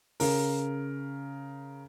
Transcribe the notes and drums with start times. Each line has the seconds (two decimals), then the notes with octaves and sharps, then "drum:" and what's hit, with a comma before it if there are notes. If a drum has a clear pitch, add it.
0.20 C#3 A#4, drum: open hi-hat